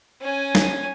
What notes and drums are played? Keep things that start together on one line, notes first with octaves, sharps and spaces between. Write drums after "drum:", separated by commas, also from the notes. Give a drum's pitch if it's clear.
C#4 G#5
drum: snare